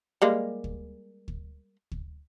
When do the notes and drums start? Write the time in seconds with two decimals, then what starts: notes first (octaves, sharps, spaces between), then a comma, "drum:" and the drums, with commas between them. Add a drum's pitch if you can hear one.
0.22 G3 G#3 A#3
0.64 drum: kick D2
1.28 drum: kick D2
1.91 drum: kick D2